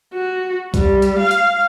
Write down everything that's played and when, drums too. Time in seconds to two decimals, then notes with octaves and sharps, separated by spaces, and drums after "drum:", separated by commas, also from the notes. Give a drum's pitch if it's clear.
0.14 F#4
0.74 G3, drum: kick B1, hi-hat
1.02 drum: hi-hat
1.19 F5
1.31 drum: hi-hat